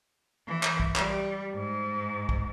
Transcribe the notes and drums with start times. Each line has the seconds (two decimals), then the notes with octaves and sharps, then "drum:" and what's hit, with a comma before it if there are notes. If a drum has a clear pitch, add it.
0.47 E3
0.63 drum: clap
0.80 drum: kick
0.96 G3, drum: clap
1.54 G#2
2.29 drum: kick